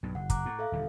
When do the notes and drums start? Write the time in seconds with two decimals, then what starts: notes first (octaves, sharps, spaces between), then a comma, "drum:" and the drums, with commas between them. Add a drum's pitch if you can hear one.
0.03 B1 G2
0.15 F#1 F#5
0.30 A#5 D6 F#6, drum: kick, hi-hat
0.46 A2
0.59 A4 E5 F5
0.72 D#1 D3 G3